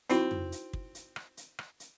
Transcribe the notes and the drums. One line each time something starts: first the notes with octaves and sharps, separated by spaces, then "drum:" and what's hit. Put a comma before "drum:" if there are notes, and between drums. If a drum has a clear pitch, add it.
C4 D#4 E4 F#4, drum: hi-hat
drum: tom
drum: hi-hat
drum: kick
drum: hi-hat
drum: rim click
drum: hi-hat
drum: rim click
drum: hi-hat